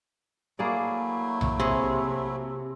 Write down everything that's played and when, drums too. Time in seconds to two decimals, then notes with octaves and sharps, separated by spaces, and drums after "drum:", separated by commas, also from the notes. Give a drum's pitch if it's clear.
0.59 F#3 A3 A#3 E4 G#4 D5
1.41 drum: tom B1
1.60 C3 G#4